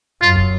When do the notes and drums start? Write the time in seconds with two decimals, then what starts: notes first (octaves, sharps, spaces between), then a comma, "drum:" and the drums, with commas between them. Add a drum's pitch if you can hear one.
0.22 F#2 F4
0.36 drum: kick